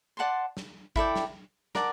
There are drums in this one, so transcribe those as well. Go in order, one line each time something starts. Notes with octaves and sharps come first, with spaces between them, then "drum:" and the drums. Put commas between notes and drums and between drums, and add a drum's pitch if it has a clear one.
D5 F#5 A5 C6
drum: snare
E4 A4 D5 G5, drum: kick G#1
drum: snare
A#4 D5 F#5 A5, drum: snare